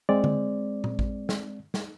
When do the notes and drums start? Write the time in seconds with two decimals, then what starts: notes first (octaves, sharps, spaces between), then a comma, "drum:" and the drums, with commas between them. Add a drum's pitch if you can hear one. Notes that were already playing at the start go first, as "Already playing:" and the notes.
0.09 G#3 C4 D5
0.24 drum: tom D3
0.84 drum: tom A#2
0.99 drum: kick A1
1.29 drum: snare
1.74 drum: snare